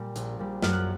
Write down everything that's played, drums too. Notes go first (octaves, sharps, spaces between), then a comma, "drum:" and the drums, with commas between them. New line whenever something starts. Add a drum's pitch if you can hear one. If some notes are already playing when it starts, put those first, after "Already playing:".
Already playing: A#2 G3
A#1, drum: hi-hat
A#2 G3
F#2 F6, drum: snare
F#6